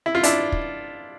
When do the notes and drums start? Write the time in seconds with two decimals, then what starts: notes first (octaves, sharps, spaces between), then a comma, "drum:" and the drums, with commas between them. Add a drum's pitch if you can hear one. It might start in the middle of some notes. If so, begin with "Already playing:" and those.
0.06 E4
0.15 F4
0.23 D4 E4, drum: hi-hat
0.52 drum: kick